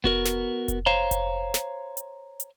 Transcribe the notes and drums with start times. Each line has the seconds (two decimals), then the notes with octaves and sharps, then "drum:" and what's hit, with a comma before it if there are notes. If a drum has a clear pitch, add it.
0.04 B3 F#4 A#4, drum: kick F1
0.25 drum: snare
0.68 drum: kick F1, hi-hat
0.86 C5 C#5 F5 A#5
1.11 drum: kick F1, hi-hat
1.54 drum: snare
1.97 drum: hi-hat
2.40 drum: hi-hat